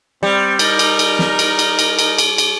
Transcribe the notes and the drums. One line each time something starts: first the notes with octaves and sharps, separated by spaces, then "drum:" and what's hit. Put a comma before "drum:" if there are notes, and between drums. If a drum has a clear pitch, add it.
G3 C4
D#4 A#4, drum: cymbal
drum: cymbal
drum: cymbal
drum: snare
drum: cymbal
drum: cymbal
drum: cymbal
drum: cymbal
drum: cymbal
drum: cymbal